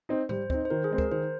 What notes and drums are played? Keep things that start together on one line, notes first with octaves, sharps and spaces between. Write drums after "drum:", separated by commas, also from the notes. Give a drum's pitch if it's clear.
C4 D#4
G3 C5, drum: tom G#2
C4 D#4, drum: kick
C5
D#3 A#4
G#4
G#3 C4
A#4, drum: kick
D#3 C5